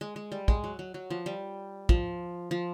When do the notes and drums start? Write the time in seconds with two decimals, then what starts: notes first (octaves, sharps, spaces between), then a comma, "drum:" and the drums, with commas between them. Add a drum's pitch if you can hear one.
0.01 G#3
0.16 G#3
0.32 G3
0.48 G#3, drum: kick
0.64 F#3
0.79 F#3
0.94 F#3
1.10 F3
1.26 G3
1.89 F3, drum: kick
2.51 F3